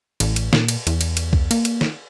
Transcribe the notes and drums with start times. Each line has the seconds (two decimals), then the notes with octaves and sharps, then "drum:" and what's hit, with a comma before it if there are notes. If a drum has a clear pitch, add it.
0.20 A1, drum: cymbal
0.36 drum: cymbal
0.53 A#2, drum: snare
0.68 drum: cymbal
0.87 E2, drum: cymbal
1.01 drum: cymbal
1.17 drum: cymbal
1.33 drum: kick B1
1.51 A#3, drum: cymbal
1.65 drum: cymbal
1.81 drum: snare